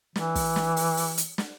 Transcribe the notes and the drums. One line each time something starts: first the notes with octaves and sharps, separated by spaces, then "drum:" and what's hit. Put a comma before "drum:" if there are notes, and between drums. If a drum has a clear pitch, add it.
E3, drum: snare
drum: kick, open hi-hat
drum: snare
drum: open hi-hat
drum: open hi-hat
drum: hi-hat
drum: snare